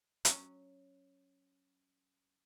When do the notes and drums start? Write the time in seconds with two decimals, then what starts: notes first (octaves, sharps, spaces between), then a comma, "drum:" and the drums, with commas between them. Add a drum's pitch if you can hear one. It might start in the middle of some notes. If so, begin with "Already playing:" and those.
0.25 F#3 C#4, drum: hi-hat